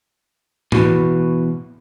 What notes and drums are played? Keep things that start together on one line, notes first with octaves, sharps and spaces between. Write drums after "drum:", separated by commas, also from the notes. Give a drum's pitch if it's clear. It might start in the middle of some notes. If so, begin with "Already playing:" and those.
E2 B2 E4 F#4 B4, drum: tom A2